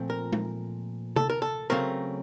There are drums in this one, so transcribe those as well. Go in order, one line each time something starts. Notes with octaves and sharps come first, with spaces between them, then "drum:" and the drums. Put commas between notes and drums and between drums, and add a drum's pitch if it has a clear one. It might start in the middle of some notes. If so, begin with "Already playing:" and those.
Already playing: A#2 F3 A3 C4
A#4
drum: tom G#3
A4, drum: tom C3
A#4
A4
C#3 F#3 A3 C4 A#4